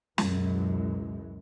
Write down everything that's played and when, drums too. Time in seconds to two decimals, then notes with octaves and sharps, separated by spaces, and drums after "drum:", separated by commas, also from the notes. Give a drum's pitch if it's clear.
0.18 C#2 F#2 B2 E3 G#3, drum: snare